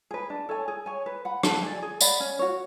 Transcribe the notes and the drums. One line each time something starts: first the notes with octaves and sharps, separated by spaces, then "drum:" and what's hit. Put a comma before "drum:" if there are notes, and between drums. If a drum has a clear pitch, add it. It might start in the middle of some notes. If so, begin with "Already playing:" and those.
G#4 B4
D4
A4 C#5 G#5
G#4
C#5 G#5
B4
F#5 B5
A4, drum: rim click
D5 G#5
G#4
D5 F#5 B5, drum: tambourine
C#4
F#4 C#5